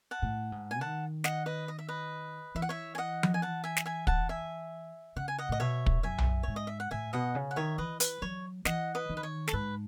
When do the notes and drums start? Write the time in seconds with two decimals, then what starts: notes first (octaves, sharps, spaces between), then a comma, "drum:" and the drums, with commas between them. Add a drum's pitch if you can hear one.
0.11 F#5 A5
0.22 A2
0.52 G#2
0.71 G#5
0.81 D#3 F#5 A5
1.24 D#5 F#5, drum: snare
1.46 B4 D#5
1.68 D#5
1.79 E5
1.89 B4 D#5
2.55 E3 E5
2.62 F#5
2.69 C#5 E5
2.95 G#5
2.98 D#5 F#5
3.23 drum: tom F3
3.34 G#5
3.42 F#5 A5
3.64 E5 G#5
3.76 drum: snare
3.86 E5 G#5
4.07 F#5 A5, drum: kick
4.29 E5 G#5
5.16 C#3 F#5
5.28 G#5
5.38 D#5 F#5
5.49 A2 D#5
5.60 B2 C#5 E5
5.86 drum: kick
6.03 F#2 E5 G#5
6.18 drum: tom B1
6.43 G#2 C#5
6.56 D#5
6.67 E5
6.80 F#5
6.91 A2 E5 G#5
7.13 B2 D#5 F#5
7.35 C#3
7.51 F#5
7.56 D#3 C#5 E5
7.78 E3 B4 D#5
8.00 B4, drum: hi-hat
8.22 F#3 C#5
8.65 E3 D#5 F#5, drum: snare
8.95 B4 D#5
9.09 D#3
9.17 B4
9.23 C#5
9.48 A4, drum: snare
9.53 G#2 B4